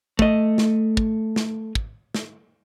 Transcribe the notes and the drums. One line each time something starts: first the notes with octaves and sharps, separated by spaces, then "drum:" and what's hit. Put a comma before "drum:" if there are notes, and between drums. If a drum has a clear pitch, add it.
A3 D#5, drum: kick
drum: snare
drum: kick
drum: snare
drum: kick
drum: snare